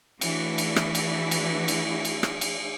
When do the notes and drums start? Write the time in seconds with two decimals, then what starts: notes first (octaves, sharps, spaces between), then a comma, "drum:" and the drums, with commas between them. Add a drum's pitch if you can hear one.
0.21 E3 A3 D4 E4 F#4, drum: cymbal
0.58 drum: cymbal
0.76 drum: rim click
0.95 drum: cymbal
1.31 drum: cymbal
1.68 drum: cymbal
2.05 drum: cymbal
2.23 drum: rim click
2.41 drum: cymbal